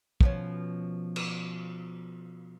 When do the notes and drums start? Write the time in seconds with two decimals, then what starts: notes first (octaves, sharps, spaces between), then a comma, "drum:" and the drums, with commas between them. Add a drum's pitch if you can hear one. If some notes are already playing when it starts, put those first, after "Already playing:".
0.21 B2 F3 C#4, drum: kick
1.16 drum: cymbal